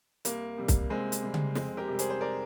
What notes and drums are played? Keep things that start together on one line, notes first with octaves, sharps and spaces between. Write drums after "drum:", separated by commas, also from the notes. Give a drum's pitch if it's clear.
C2 A#3, drum: hi-hat
C3 G3
drum: kick C2, hi-hat
C2 G#3 C4
drum: hi-hat
C3 G3
drum: tom C#3
F2 G#3 C4, drum: snare
G4 A#4
C3 G3
G#4 C5, drum: hi-hat
C5
A#4 D5